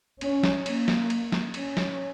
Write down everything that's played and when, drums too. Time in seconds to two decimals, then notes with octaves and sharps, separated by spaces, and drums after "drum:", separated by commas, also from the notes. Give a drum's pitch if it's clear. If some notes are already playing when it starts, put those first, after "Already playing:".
0.21 C#4, drum: cymbal
0.43 drum: snare
0.66 A#3, drum: cymbal
0.88 drum: snare
1.10 drum: cymbal
1.32 drum: snare
1.54 C#4, drum: cymbal
1.77 drum: snare